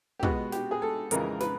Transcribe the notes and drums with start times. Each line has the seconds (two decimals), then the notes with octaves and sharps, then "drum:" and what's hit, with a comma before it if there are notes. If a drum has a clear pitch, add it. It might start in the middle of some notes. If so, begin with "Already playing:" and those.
0.19 G4
0.23 B2 G#3 B3 F#4, drum: kick
0.52 G4, drum: snare
0.71 G#4
0.82 A4
1.11 F2 C#3 E3 G#3 A#4, drum: hi-hat
1.40 B4, drum: snare